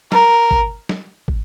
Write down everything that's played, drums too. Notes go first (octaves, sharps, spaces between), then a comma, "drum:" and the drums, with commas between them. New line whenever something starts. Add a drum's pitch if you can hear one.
A#4, drum: snare
drum: kick
drum: snare
drum: kick